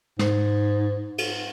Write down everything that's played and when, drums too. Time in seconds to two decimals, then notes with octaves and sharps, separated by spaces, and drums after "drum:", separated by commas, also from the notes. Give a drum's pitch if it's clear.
0.19 G#2, drum: snare
1.18 drum: cymbal